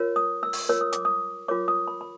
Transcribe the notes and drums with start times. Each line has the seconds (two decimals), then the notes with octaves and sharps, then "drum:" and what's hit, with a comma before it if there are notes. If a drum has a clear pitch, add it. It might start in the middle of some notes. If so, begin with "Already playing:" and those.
Already playing: F4 A#4 C#5
0.16 D#6
0.43 E6
0.53 drum: open hi-hat
0.69 F4 A#4 C#5 E6
0.81 D#6
0.93 D6, drum: hi-hat
1.05 D#6
1.48 F4 A#4 C#5 D6
1.68 D#6
1.88 B5
2.01 B5